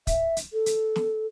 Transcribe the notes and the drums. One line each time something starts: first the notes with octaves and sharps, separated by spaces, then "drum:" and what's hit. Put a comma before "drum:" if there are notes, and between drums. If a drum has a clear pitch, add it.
E5, drum: kick, hi-hat
drum: hi-hat
A4
drum: hi-hat
drum: snare